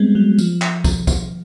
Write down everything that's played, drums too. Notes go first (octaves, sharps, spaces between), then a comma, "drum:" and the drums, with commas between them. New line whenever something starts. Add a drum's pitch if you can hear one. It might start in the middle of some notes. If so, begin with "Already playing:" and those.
Already playing: G3 G#3 B3 C4
F#3
F3, drum: tambourine
drum: clap
drum: kick, tambourine
drum: kick, tambourine